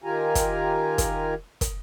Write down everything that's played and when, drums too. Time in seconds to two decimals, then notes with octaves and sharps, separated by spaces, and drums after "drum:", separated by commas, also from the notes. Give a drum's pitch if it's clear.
0.04 D#3 F4 G4 A#4 G#5 A#5
0.35 drum: kick, hi-hat
0.98 drum: kick, hi-hat
1.61 drum: kick, hi-hat